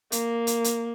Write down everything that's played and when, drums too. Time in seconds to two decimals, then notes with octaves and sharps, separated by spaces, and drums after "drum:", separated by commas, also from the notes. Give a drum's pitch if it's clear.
0.12 A#3, drum: hi-hat
0.47 drum: hi-hat
0.64 drum: hi-hat